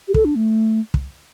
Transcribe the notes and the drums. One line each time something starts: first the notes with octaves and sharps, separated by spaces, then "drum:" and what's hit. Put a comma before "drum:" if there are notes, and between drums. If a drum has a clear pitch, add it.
G4
A4, drum: kick
D4
A3
drum: kick